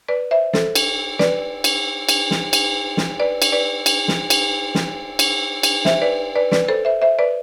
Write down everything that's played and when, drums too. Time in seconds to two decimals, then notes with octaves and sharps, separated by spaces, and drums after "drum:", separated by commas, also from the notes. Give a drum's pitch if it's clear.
0.08 B4 D5
0.31 C5 E5
0.53 A4 C5, drum: snare
0.75 drum: cymbal
1.19 B4 D5, drum: snare
1.64 drum: cymbal
2.09 drum: cymbal
2.31 drum: snare
2.53 drum: cymbal
2.97 drum: snare
3.20 B4 D5
3.42 drum: cymbal
3.52 B4 D5
3.86 drum: cymbal
4.08 drum: snare
4.30 drum: cymbal
4.75 drum: snare
5.19 drum: cymbal
5.63 drum: cymbal
5.85 C5 E5, drum: snare
6.02 B4 D5
6.36 B4 D5
6.52 B4 D5, drum: snare
6.68 A4 C5
6.85 C5 E5
7.02 C5 E5
7.19 B4 D5